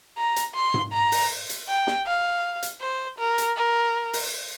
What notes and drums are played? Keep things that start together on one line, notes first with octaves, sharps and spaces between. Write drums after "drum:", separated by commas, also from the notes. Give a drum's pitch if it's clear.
A#5
drum: hi-hat
C6
drum: tom G#2
A#5
drum: open hi-hat
drum: hi-hat
G5
drum: snare
F5
drum: hi-hat
C5
A#4
drum: hi-hat
A#4
drum: open hi-hat